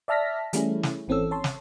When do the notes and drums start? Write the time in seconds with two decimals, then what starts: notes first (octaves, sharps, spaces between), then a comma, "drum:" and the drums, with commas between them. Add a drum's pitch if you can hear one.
0.08 D5 E5 A5 F6 A#6 B6
0.53 E3 G3 A3 C#4 E4 G#4, drum: hi-hat
0.83 drum: snare
1.08 G#1 E3 C4 C#4 A4 E6
1.31 C#5 A5 C6
1.44 drum: snare